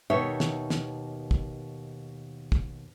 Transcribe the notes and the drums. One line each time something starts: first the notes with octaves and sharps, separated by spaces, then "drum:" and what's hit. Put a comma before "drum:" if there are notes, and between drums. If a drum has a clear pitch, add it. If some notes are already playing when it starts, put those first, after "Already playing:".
D#2 B2 D#4 C#5 E5
drum: snare
drum: snare
drum: kick
drum: kick